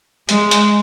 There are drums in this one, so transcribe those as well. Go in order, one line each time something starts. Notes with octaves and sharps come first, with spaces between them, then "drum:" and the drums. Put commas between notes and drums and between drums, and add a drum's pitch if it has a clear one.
G#3, drum: hi-hat
drum: hi-hat